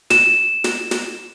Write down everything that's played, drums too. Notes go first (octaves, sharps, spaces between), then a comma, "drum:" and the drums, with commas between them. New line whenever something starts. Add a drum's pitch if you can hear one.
E7, drum: snare
drum: snare
drum: snare